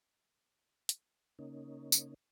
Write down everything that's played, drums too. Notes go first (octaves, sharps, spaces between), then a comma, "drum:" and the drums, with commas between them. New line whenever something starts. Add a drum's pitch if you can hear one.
drum: hi-hat
C#3 A#3 C#4 D#4
drum: tambourine